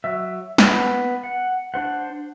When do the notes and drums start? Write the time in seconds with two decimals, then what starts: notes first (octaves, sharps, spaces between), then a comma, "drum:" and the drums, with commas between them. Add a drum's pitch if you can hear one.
0.04 F#3 E5
0.58 B3, drum: snare
1.23 F#5
1.74 D4 C5 F#5